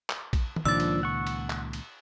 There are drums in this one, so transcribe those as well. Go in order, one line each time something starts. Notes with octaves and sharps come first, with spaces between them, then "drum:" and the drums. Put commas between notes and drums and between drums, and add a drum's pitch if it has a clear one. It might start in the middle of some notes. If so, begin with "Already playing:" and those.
drum: clap
drum: kick A#1, cymbal
drum: tom D#3
C#2 A#2 D#3 F3 D4 D5 E6 A6
drum: cymbal
F#5 C#6
drum: cymbal
drum: clap
drum: cymbal